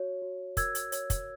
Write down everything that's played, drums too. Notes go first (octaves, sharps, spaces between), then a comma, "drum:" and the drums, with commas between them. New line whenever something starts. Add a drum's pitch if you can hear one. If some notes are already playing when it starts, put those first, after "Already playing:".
Already playing: F#4 C#5
F#4
A#4 E6 G#6, drum: kick, hi-hat
drum: hi-hat
C#5, drum: hi-hat
drum: kick, hi-hat